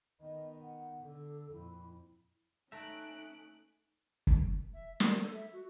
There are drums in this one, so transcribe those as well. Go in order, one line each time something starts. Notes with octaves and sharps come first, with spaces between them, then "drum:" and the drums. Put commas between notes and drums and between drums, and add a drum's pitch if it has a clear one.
D#3 B3 D#5
F#5
D3 A4
F2 A#2 E4
A3 C#4 D#4 E5 A#5 F#6 D7
drum: kick
E5
A#4, drum: snare
A4
E5
F#4